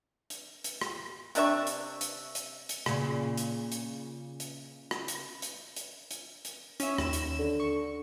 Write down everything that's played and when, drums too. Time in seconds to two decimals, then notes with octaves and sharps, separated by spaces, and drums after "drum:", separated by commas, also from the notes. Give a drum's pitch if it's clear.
0.30 drum: hi-hat
0.64 drum: hi-hat
0.81 drum: rim click
1.35 C3 D4 E5 C#6, drum: hi-hat
1.67 drum: hi-hat
2.01 drum: hi-hat
2.35 drum: hi-hat
2.69 drum: hi-hat
2.86 A#2 C#3, drum: rim click
3.38 drum: hi-hat
3.72 drum: hi-hat
4.40 drum: hi-hat
4.91 drum: rim click
5.08 drum: hi-hat
5.42 drum: hi-hat
5.76 drum: hi-hat
6.11 drum: hi-hat
6.45 drum: hi-hat
6.80 C#4 E5, drum: hi-hat
6.98 D#2 E7, drum: rim click
7.13 drum: hi-hat
7.39 D3
7.60 C#6